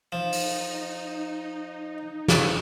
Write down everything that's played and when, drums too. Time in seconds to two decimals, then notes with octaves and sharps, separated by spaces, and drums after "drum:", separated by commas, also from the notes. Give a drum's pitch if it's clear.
0.12 F3 D#4
0.32 drum: open hi-hat
2.28 drum: snare